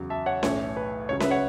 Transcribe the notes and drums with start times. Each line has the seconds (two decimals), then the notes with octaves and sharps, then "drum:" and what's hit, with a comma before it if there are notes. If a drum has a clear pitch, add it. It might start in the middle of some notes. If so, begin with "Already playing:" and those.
Already playing: E2 C#3 F#3
0.10 E5 A5
0.26 C#5 F#5
0.43 B1 A2 E3 C#5, drum: snare C#4
0.77 B4
1.09 C#2 C#3 F#3 C#5
1.20 B4 E5, drum: snare C#4
1.31 C#5 F#5